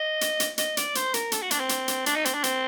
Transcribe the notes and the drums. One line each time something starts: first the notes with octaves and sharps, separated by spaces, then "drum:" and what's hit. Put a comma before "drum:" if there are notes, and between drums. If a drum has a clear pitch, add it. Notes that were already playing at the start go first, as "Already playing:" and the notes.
Already playing: D#5
drum: hi-hat
drum: hi-hat
D#5, drum: hi-hat
D5, drum: hi-hat
C5, drum: hi-hat
A#4, drum: hi-hat
A4, drum: hi-hat
F#4
D4, drum: hi-hat
C4
drum: hi-hat
drum: hi-hat
D4, drum: hi-hat
D#4
C4, drum: hi-hat
D4
C4, drum: hi-hat